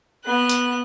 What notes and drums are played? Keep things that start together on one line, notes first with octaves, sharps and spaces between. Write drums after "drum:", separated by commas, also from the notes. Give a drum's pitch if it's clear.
B3 F#6
drum: hi-hat